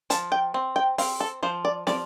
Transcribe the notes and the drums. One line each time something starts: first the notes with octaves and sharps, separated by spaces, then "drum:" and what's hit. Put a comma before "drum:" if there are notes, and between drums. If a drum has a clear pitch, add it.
F3 A5, drum: hi-hat
G5
C4
G5
C4 F5, drum: open hi-hat
A4
F3 C5
D5
F3 D5, drum: snare